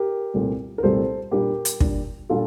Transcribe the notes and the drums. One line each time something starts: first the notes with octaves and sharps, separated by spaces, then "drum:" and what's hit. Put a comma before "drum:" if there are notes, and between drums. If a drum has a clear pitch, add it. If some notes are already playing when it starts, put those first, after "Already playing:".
Already playing: G4 A#4
C2 A#2 A3 C4
A#4
C2 A#2 A3 C4 A4 C5
A#2 G3 D4 G4 A#4
drum: hi-hat
A#2 G3 D4, drum: kick
A#2 G3 D4 F4 A4